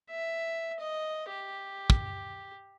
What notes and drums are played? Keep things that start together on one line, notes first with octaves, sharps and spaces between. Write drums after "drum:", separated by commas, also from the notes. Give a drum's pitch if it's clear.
E5
D#5
G4
drum: kick